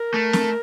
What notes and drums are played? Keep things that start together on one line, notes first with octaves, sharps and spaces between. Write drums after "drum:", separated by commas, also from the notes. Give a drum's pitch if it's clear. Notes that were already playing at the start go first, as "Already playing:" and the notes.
Already playing: A#4
A3
drum: snare C4